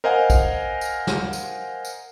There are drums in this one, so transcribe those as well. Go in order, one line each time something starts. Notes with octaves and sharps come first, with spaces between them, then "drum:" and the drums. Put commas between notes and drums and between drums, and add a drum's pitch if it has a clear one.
A#4 C5 D#5 F5 F#5 G#5
drum: kick, tambourine
drum: tambourine
drum: snare
drum: tambourine
drum: tambourine